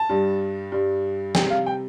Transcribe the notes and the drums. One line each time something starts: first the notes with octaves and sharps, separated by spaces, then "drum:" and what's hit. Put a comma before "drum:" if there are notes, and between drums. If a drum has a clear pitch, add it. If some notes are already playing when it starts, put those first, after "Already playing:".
Already playing: A5
G2 G3
G2 G3
C3 G3 G5, drum: snare
F5
G5